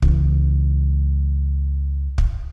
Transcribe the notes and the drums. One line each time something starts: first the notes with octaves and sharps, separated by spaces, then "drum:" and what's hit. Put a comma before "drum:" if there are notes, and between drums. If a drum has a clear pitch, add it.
C#2 E3, drum: kick
drum: kick